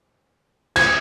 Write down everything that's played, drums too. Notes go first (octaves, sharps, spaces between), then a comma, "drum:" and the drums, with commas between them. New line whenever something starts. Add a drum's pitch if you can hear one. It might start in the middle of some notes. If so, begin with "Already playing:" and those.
G#6, drum: cymbal